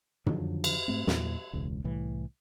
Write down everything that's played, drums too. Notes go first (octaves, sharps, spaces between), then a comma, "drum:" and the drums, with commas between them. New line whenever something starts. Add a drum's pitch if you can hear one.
D3 D#3 F3 F#3, drum: tom
drum: cymbal
G#2 A3 C4
E2 A#2 E3 F#3, drum: snare
E1 C#2
C2 A2 E3